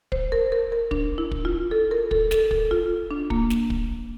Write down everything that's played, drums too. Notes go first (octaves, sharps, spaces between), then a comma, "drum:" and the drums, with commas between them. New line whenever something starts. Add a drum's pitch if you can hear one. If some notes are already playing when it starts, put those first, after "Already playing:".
C5, drum: kick
A#4
A#4
A#4
D4, drum: kick
E4
drum: kick
F4
A4
A#4
A4, drum: kick
A4, drum: snare
A4, drum: kick
F4
D4
A#3, drum: kick
drum: snare
drum: kick